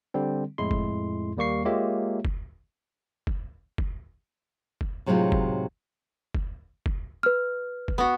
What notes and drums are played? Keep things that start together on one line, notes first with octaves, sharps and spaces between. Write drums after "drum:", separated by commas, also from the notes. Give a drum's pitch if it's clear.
D3 G3 C4
F2 A2 G#3 E4 C6
drum: kick F#1
D#2 G3 A#3 C#6 C7
G#3 A#3 F4 G4 C#5 E5
drum: kick F#1
drum: kick F#1
drum: kick F#1
drum: kick F#1
A2 C3 F#3 G#3 D#4 F4
drum: kick F#1
drum: kick F#1
drum: kick F#1
B4 F6
drum: kick F#1
B3 F#4